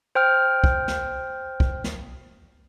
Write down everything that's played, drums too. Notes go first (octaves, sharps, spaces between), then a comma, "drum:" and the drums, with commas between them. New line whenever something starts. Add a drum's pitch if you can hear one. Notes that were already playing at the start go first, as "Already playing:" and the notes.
C5 G5 F6
drum: kick
drum: snare
drum: kick
drum: snare